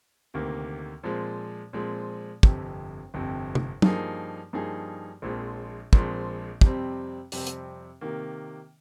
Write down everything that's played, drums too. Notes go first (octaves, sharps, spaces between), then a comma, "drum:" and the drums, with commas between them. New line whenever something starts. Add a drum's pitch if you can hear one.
D2 C3 D#3 A#3
A#2 F3 G#3 C4
A#2 F3 G#3 C4
G1 F2 C3, drum: kick
G1 F2 C3
drum: tom
G2 F3 A#3 D#4 G#4, drum: tom
G2 F3 A#3 D#4 G#4
A#1 A#2 F3 G#3 C4
A#1 A#2 F3 G#3 C4, drum: kick
F2 C3 G3 C4, drum: kick
F2 C3 G3 C4, drum: open hi-hat
drum: hi-hat
C3 D#3 A#3